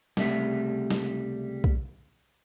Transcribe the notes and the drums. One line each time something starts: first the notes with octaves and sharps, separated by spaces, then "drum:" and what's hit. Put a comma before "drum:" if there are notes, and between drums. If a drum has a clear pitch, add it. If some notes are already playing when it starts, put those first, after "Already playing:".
C#2 C3 G3 A3 E5, drum: snare
drum: snare
drum: kick B1